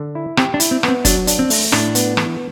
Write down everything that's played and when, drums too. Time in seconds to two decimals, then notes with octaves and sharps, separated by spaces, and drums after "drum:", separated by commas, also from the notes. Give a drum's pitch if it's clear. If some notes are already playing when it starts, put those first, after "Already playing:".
Already playing: D3
0.15 E4
0.37 C4 G4, drum: rim click
0.54 D4
0.60 E4, drum: hi-hat
0.71 C4
0.83 B3, drum: rim click
0.88 C4
1.05 F#3 D4, drum: kick F#1, hi-hat
1.27 D4, drum: hi-hat
1.39 C4
1.50 A3, drum: open hi-hat
1.72 A2 D4, drum: rim click
1.95 B3, drum: hi-hat
2.17 E3, drum: rim click